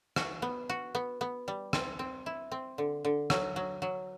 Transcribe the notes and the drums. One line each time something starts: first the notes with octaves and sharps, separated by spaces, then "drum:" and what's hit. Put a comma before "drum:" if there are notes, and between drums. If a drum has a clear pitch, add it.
F#4, drum: rim click
B3
F#4
B3
B3
G3
C4, drum: rim click
C4
E4
C4
D3
D3
F#3, drum: rim click
F#3
F#3